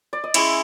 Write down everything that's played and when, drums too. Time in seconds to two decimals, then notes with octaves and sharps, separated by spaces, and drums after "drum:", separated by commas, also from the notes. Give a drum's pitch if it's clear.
0.13 D5
0.24 D#5
0.34 G#3 C#4 E4 E5, drum: cymbal